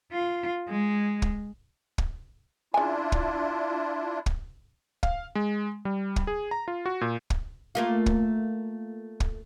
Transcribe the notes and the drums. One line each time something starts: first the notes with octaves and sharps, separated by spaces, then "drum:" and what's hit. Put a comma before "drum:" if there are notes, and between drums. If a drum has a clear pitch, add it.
F4
G#3
drum: kick
drum: kick
C#3 D4 E4 F4 G#5
drum: kick
drum: kick
F5, drum: kick
G#3
G3
drum: kick
G#4
A#5
F4
F#4
A#2
drum: kick
A3 A#3 F4
drum: kick
drum: kick